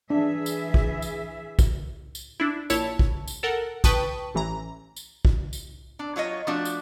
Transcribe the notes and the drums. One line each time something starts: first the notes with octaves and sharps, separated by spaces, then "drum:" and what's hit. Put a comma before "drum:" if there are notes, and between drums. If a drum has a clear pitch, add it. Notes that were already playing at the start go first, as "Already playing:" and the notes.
E3 D4 G#4 E5
drum: tambourine
drum: kick
drum: tambourine
drum: kick, tambourine
drum: tambourine
D4 E4
A#1 E4 C#5 A5, drum: tambourine
drum: kick
drum: tambourine
A4 A#4 F#5
B4 G5 A5 C#6 D#6, drum: kick, tambourine
A1 E3 A#5
drum: tambourine
drum: kick
drum: tambourine
D4
F#3 F4 C#5 D#5
F3 A3 D4 F#4
drum: tambourine